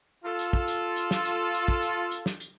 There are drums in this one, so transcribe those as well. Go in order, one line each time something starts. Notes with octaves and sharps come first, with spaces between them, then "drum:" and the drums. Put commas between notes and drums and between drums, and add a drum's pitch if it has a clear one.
F4 A4
drum: hi-hat
drum: kick
drum: hi-hat
drum: hi-hat
drum: snare
drum: hi-hat
drum: hi-hat
drum: kick
drum: hi-hat
drum: hi-hat
drum: snare
drum: hi-hat